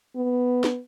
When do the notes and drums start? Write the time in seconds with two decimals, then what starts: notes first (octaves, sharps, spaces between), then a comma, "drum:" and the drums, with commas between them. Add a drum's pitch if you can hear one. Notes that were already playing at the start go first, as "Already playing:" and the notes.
0.16 B3
0.64 drum: snare